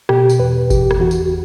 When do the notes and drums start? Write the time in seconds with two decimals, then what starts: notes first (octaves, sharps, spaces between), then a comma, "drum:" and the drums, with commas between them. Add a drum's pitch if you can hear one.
0.09 B2 G4, drum: rim click
0.30 drum: tambourine
0.40 E2 B4
0.70 E2 G4, drum: kick G1, tambourine
0.91 drum: rim click
1.00 E2 F#4
1.11 drum: tambourine